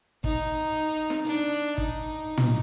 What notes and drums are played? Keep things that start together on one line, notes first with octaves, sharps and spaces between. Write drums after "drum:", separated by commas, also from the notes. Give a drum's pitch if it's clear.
D#4, drum: kick
drum: snare
D4
D#4, drum: kick
drum: tom